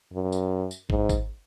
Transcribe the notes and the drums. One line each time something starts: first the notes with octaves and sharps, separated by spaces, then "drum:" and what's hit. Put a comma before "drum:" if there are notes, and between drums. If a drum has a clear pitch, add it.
F#2
drum: tambourine
drum: tambourine
G#2, drum: kick
drum: kick, tambourine